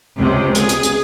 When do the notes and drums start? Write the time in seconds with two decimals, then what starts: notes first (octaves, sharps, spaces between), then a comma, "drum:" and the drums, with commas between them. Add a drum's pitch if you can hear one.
0.17 C#2 C3
0.55 G#4, drum: hi-hat
0.69 drum: hi-hat
0.83 drum: hi-hat